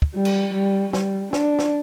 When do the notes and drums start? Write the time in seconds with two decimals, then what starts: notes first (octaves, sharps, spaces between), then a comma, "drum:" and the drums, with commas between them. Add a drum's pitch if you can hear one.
0.02 drum: kick
0.15 G3
0.25 drum: cymbal
0.54 G3
0.93 G3, drum: snare
1.33 D4, drum: snare
1.59 drum: snare